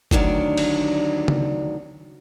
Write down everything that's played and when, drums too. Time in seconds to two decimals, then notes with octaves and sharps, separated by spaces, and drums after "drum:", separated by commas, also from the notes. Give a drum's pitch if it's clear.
0.11 D2 D#3 F#3 D4, drum: kick
0.57 drum: cymbal
1.28 drum: tom C#3